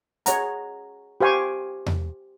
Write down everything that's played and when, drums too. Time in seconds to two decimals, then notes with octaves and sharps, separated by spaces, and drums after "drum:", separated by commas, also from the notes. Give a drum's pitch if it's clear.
0.26 G#4 C#5 F#5 A#5, drum: hi-hat
1.21 G4 C5 F5 G#5 C#6
1.86 drum: tom E2